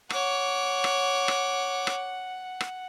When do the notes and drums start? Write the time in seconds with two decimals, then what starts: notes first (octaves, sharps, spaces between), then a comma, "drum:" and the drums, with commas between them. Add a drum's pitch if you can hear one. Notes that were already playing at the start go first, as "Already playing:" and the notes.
0.10 C#5 F#5 D6, drum: rim click
0.84 drum: rim click
1.28 drum: rim click
1.87 drum: rim click
2.61 drum: rim click